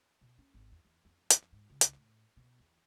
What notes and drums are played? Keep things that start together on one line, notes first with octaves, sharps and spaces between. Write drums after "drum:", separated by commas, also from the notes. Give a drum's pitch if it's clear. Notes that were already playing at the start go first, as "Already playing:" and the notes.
B2
C#4
G#1
E2
E2
F2
drum: hi-hat
G#2
C#2
drum: hi-hat
A2
B2
E2